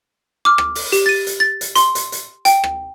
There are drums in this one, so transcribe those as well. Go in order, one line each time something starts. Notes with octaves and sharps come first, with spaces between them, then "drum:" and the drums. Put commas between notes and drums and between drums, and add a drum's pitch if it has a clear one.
D6 F6
drum: rim click
drum: open hi-hat
G4, drum: hi-hat
A6 D#7
drum: hi-hat
A6
drum: hi-hat
C6, drum: hi-hat
drum: hi-hat
drum: hi-hat
G5, drum: hi-hat
drum: rim click